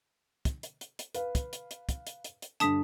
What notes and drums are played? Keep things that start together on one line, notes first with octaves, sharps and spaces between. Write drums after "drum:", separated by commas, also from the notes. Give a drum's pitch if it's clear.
drum: kick, hi-hat
drum: hi-hat
drum: hi-hat
drum: hi-hat
B4 F5, drum: hi-hat
drum: kick, hi-hat
drum: hi-hat
drum: hi-hat
drum: kick, hi-hat
drum: hi-hat
drum: hi-hat
drum: hi-hat
G2 D3 A5 D#6 B6, drum: hi-hat